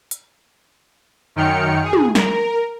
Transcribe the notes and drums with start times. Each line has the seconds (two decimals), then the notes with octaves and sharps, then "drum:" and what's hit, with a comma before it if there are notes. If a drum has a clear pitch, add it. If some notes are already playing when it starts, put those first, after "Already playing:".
0.11 drum: hi-hat
1.36 F#2 D#3 G5 F6 C#7
1.83 G#4
1.93 drum: tom
2.15 A#4, drum: snare